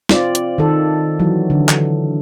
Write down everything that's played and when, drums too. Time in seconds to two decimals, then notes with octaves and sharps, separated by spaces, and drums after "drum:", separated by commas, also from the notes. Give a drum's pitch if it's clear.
0.09 C4 F4 D5, drum: snare
0.35 drum: hi-hat
0.58 D#3 A4
1.19 E3 F#3
1.50 D3
1.69 drum: clap